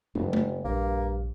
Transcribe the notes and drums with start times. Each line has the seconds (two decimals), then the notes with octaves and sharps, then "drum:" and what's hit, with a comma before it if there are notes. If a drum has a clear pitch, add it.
0.15 F#1 G#3 D4, drum: tom
0.33 drum: tom G#3
0.65 A#1 G2 A#3